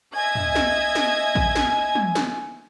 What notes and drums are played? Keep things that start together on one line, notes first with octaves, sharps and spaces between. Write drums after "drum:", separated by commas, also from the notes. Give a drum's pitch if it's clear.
D#5 E5 G#5 G#6
drum: tom
drum: snare
drum: snare
drum: kick A1
drum: snare
drum: tom
drum: snare